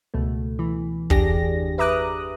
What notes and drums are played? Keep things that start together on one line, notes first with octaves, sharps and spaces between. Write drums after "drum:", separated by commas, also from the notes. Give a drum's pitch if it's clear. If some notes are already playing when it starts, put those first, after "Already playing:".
C#2 B2 A3
E3
G1 E2 D4 G4 G#4 A#6, drum: kick
B4 E5 A#5 D6 D#6 F#6